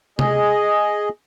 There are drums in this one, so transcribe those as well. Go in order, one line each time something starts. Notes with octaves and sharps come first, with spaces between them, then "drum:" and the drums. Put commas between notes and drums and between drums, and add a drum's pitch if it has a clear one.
G#4 D#5, drum: tom C3